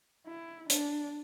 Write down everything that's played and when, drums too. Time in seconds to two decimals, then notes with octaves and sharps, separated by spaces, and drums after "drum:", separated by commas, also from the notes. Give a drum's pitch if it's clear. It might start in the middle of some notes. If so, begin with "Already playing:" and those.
0.27 E4
0.70 D4, drum: hi-hat